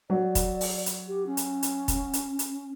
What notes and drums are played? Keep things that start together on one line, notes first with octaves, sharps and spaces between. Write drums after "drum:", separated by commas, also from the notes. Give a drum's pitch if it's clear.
F#3 D5
drum: kick, hi-hat
drum: open hi-hat
drum: hi-hat
G4
C#4
drum: hi-hat
drum: hi-hat
drum: kick, hi-hat
drum: hi-hat
drum: hi-hat